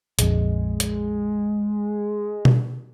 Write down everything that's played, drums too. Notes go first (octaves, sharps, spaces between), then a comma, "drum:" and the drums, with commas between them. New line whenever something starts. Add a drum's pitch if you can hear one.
A#1 F2 G#3, drum: hi-hat
drum: hi-hat
drum: tom B2